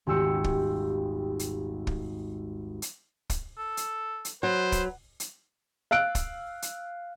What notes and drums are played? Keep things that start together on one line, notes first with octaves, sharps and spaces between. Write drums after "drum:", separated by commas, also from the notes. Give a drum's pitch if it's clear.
D#1 G#1 G4 E6 C#7
drum: kick
drum: hi-hat
drum: kick
drum: hi-hat
drum: kick, hi-hat
A4
drum: hi-hat
drum: hi-hat
F#3 B4 C5
drum: kick, hi-hat
drum: hi-hat
F5 E6 F#6 D7
drum: kick, hi-hat
drum: hi-hat